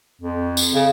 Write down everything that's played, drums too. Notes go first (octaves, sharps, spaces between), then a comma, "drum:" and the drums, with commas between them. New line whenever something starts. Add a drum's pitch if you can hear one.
F2
drum: tambourine
C#3